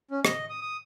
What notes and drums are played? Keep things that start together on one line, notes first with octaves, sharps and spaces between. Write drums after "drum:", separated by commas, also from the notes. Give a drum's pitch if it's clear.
C#4
D#5, drum: rim click
D#6
D#6